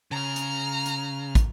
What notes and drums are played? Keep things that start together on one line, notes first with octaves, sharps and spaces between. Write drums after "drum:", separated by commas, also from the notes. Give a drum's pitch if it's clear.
C#3 A#5 F6
drum: hi-hat
drum: hi-hat
drum: kick, hi-hat